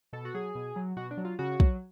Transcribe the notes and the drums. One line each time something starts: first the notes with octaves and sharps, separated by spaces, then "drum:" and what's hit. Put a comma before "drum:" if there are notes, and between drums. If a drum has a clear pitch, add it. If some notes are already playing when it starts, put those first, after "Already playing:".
B2 A4
F#4
F#3 G#4
B2
F#3
B2 F#4
D4
F#3
F4
C#3 F#4
F#3, drum: kick